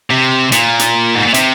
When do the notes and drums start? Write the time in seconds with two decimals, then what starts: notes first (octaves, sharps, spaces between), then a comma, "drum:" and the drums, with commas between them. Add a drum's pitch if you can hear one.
0.10 C3
0.52 A#2, drum: hi-hat
0.79 drum: hi-hat
1.15 G#2
1.25 A#2
1.34 C3, drum: hi-hat